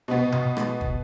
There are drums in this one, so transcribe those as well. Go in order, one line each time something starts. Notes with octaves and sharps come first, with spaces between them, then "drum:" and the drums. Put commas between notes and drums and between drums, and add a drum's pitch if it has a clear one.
B2 B3
drum: tom B2
drum: rim click
drum: kick